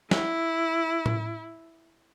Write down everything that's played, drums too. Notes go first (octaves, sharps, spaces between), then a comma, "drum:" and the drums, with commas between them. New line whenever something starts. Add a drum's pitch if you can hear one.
E4, drum: snare
drum: tom A2